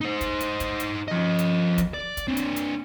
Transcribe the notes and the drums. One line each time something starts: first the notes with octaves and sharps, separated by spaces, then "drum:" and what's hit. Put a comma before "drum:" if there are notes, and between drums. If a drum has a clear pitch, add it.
D#4 C5
drum: kick, hi-hat
drum: hi-hat
drum: kick, hi-hat
drum: hi-hat
F3 D#5
drum: hi-hat
drum: kick, hi-hat
D5
drum: kick, hi-hat
C4 D4
drum: hi-hat
drum: hi-hat